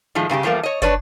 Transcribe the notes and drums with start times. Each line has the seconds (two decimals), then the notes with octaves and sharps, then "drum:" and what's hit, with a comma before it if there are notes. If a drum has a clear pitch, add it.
0.15 A2 D#3 F3 G#3
0.29 G2 C#3 F#4 G4
0.43 E2 F3 G3 A3 A#3
0.63 C#5 D#5
0.82 D4 B4 C#5 D5, drum: kick, hi-hat